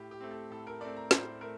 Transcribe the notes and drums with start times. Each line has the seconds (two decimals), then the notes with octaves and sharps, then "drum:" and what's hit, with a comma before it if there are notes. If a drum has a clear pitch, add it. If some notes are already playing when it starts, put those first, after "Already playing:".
Already playing: A2 G4
0.11 G4
0.21 A3 C4
0.31 A4
0.50 A2 A4
0.67 A#4
0.81 A3 C4 D5
0.96 A#5
1.11 A2 C5, drum: snare
1.41 A3 A#4